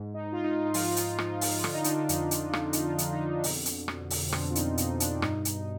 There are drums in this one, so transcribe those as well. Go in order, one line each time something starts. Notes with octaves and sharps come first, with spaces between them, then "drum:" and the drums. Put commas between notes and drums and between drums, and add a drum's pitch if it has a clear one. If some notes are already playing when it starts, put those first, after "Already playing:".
Already playing: G#2
D#4
G#2 F4
D#4
D#4
F3 F4, drum: open hi-hat
drum: hi-hat
F3, drum: rim click
drum: open hi-hat
D3 F4, drum: rim click
D#4
D4, drum: hi-hat
D#4
F2, drum: hi-hat
drum: hi-hat
D3, drum: rim click
D#4, drum: hi-hat
F4
F2, drum: hi-hat
D#4
B2, drum: open hi-hat
drum: hi-hat
B2, drum: rim click
drum: open hi-hat
C4
B2 D4, drum: rim click
F4
D#4, drum: hi-hat
B2 D#4, drum: hi-hat
D4, drum: hi-hat
G2 D#4, drum: rim click
drum: hi-hat